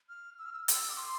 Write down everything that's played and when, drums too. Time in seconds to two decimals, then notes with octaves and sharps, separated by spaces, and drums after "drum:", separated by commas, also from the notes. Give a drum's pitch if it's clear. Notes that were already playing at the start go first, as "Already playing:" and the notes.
0.09 F6
0.39 E6
0.46 F6
0.53 E6
0.68 E6, drum: hi-hat
0.90 D6
0.97 C6